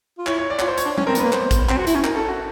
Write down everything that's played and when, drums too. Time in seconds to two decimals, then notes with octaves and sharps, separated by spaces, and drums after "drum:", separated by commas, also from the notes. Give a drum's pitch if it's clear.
0.19 F4
0.27 E4 C#5, drum: clap
0.38 C#5
0.50 D5
0.59 F4 C#5, drum: clap
0.68 C5
0.78 C#5, drum: hi-hat
0.86 D4
0.98 C#4, drum: tom G3
1.07 C4 A#4
1.15 B3, drum: hi-hat
1.20 A#3 B4
1.32 B3 C5, drum: clap
1.51 drum: kick, hi-hat
1.69 C4, drum: clap
1.77 F#4
1.87 E4, drum: hi-hat
1.95 C#4
2.04 A#4, drum: clap
2.16 A4
2.28 F#4